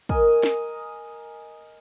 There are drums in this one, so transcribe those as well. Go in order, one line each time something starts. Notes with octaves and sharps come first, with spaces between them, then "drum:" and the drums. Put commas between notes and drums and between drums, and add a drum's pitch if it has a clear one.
A#4 D#5 G#5, drum: kick
drum: snare